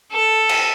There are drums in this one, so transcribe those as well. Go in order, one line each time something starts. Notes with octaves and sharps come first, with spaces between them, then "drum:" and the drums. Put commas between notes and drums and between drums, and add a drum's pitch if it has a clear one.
A4
drum: cymbal